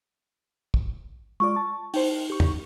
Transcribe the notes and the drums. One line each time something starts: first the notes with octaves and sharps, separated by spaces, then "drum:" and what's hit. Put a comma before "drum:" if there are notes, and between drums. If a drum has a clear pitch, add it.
drum: kick
G#3 F4 D5 C#6
A5
D#4 C5 G5, drum: open hi-hat
G4 C#6
drum: tom